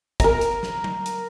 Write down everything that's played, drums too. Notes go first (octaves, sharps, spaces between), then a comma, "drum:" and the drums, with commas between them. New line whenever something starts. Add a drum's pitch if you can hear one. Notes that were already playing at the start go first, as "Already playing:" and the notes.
A#4 A#5, drum: kick, hi-hat
drum: hi-hat
drum: snare
drum: tom
drum: hi-hat